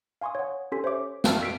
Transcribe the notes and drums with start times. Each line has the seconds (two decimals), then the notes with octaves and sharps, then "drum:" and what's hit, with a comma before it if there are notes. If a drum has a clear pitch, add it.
0.21 F5 G#5 C6 C#6 D#6
0.35 C#5 F#5
0.72 C#4 G4 A4 G#5 C6 B6
0.84 C5 C#5 E5 D6
1.24 F#4 F5 G5 A5 E6 F6, drum: snare
1.41 E6 B6 C7 D7